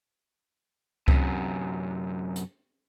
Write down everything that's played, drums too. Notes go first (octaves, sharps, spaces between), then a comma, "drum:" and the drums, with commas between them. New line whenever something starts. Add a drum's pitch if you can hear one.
F#2 C3, drum: kick C#2
drum: hi-hat